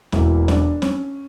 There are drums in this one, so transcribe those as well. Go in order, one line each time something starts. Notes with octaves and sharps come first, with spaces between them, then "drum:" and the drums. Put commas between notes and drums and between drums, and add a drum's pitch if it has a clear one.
E1 E2 B2 A#3 E4, drum: snare
D4, drum: snare
C#4, drum: snare